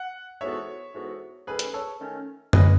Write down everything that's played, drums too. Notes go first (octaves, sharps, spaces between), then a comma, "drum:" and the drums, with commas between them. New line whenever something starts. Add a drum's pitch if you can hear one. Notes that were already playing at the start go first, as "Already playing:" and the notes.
Already playing: F#5
G#2 E3 B3 F#4 A4 C#5 E5
G#2 E3 B3 F#4 A4
D#3 A3 C#4 G#4 B4
drum: hi-hat
A4 C#5
D#3 A3 C#4
A2 G#3 C#4 B4 D#5, drum: tom F#2